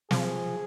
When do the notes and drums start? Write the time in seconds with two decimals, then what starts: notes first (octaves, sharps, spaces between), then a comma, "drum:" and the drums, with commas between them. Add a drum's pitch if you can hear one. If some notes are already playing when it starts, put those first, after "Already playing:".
0.11 F3 G#4, drum: snare